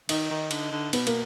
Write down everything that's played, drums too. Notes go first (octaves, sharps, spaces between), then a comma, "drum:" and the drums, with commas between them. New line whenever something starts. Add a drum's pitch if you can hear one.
D#3 D#4, drum: cymbal
D#3
D3, drum: cymbal
D3
B2 B3, drum: cymbal
A#3, drum: cymbal